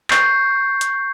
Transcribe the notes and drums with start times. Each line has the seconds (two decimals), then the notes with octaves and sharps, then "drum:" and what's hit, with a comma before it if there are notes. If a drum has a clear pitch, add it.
0.10 C#6 G6 C7, drum: clap
0.81 drum: hi-hat